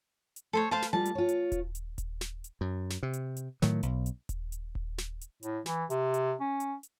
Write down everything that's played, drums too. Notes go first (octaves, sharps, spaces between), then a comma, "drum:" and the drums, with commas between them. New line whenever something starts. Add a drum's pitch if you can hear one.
drum: hi-hat
A3 A4 C5 C#5
B4 C5 F5 A5
drum: snare
G3 G#3 F4 A5
drum: hi-hat
F4 C#5
drum: hi-hat
drum: kick D#1, hi-hat
drum: hi-hat
drum: kick D#1, hi-hat
drum: snare
drum: hi-hat
F#2
drum: snare
C3
drum: hi-hat
drum: hi-hat
A2 D#3 F#3, drum: snare
B1, drum: hi-hat
drum: hi-hat
drum: kick D#1, hi-hat
drum: hi-hat
drum: kick D#1
drum: snare
drum: hi-hat
A2, drum: hi-hat
E3, drum: snare
C3, drum: hi-hat
drum: hi-hat
C#4
drum: hi-hat
drum: hi-hat